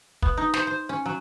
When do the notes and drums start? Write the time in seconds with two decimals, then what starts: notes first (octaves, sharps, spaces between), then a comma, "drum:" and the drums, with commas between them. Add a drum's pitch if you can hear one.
0.22 B3, drum: kick
0.37 D#4
0.54 C5, drum: snare
0.67 C5
0.89 C#4
1.06 F#3